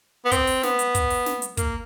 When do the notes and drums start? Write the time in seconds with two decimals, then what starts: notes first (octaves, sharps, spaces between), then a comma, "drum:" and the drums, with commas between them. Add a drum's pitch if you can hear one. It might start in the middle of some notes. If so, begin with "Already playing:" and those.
0.25 B3
0.32 C4, drum: kick, hi-hat
0.47 drum: open hi-hat
0.63 B3, drum: snare
0.79 drum: hi-hat
0.95 drum: kick, hi-hat
1.10 drum: open hi-hat
1.26 drum: snare
1.42 drum: hi-hat
1.57 A#3, drum: kick, hi-hat